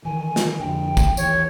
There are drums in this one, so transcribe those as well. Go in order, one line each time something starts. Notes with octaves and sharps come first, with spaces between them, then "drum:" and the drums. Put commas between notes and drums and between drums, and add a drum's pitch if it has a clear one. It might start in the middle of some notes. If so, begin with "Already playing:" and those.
D#3 E3 G#5
drum: snare
F2 D3 G5
drum: kick, tambourine
D#2 E3 C#5, drum: tambourine